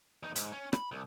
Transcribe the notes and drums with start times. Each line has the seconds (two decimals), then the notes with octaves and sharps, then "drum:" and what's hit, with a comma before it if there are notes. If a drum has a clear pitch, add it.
0.23 E2 D#4
0.35 G#2, drum: hi-hat
0.52 C#4
0.73 B5, drum: rim click
0.92 C2